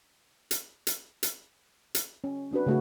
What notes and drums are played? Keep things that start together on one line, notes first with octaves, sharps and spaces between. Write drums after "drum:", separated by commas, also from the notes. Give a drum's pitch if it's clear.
drum: hi-hat
drum: hi-hat
drum: hi-hat
drum: hi-hat
C#4
C4 D4 F#4 B4
C#3 A3 F#4